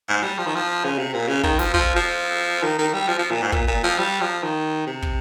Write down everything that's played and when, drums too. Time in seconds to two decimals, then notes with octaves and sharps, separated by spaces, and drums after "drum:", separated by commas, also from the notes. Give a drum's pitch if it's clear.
0.09 G#2
0.23 G3
0.38 F3
0.47 D#3
0.55 F3
0.84 C#3
0.98 C3
1.14 A#2
1.28 C#3
1.43 D#3, drum: kick
1.59 F3, drum: snare
1.74 F3, drum: kick
1.96 F3
2.63 D#3
2.79 D#3
2.94 G3
3.08 F3
3.19 F3
3.31 A#2
3.42 G#2
3.52 A#2, drum: kick
3.67 A#2
3.83 F3
3.98 G3
4.21 F3
4.43 D#3
4.87 C3
5.02 drum: kick